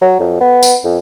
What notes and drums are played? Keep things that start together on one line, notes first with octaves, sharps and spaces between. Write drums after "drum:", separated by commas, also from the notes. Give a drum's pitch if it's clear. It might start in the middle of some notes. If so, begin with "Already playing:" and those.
F#3
F2
B3
drum: tambourine
F2